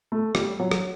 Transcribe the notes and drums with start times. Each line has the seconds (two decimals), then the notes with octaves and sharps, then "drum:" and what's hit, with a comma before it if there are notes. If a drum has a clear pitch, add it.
0.12 A3
0.35 G3, drum: rim click
0.60 F#3
0.71 drum: rim click